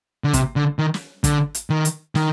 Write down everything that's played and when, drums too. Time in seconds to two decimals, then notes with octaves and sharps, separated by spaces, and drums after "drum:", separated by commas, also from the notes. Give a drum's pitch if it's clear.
0.24 D3
0.33 C3, drum: kick, hi-hat
0.56 D3
0.79 D#3
0.94 drum: snare
1.24 D3, drum: kick, hi-hat
1.55 drum: hi-hat
1.70 D#3
1.85 drum: hi-hat
2.15 D#3, drum: snare